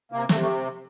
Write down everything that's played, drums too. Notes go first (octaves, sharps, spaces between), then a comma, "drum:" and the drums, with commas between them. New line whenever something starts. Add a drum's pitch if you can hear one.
C3 A#3
C3 A3, drum: snare
A3